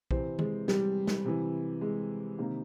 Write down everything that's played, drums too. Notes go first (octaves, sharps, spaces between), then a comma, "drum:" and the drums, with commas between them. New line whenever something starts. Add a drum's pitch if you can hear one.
C3 E3 C4, drum: kick
G#3, drum: tom D#3
G3, drum: snare
drum: snare
C3 E3
G#3
C3 D#3 A#3